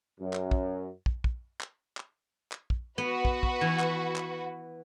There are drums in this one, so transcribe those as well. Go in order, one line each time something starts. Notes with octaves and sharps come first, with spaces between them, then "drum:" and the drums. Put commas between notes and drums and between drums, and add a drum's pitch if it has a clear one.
F#2
drum: clap
drum: kick
drum: kick
drum: kick
drum: clap
drum: clap
drum: clap
drum: kick
B3 F#4 B4
drum: kick
drum: kick
E3
drum: clap
drum: clap